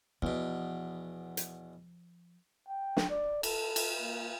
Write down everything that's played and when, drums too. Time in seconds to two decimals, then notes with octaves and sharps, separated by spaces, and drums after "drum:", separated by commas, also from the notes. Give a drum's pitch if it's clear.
0.22 E2 B2 F3
1.37 drum: hi-hat
2.69 G5
2.97 drum: snare
3.10 D5
3.43 A4, drum: cymbal
3.76 drum: cymbal
4.01 A#3